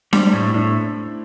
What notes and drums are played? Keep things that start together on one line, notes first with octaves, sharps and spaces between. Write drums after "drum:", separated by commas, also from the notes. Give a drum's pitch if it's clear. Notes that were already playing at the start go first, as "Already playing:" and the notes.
G3 C4, drum: snare D4
D4
A2
E4
A2 D4
A3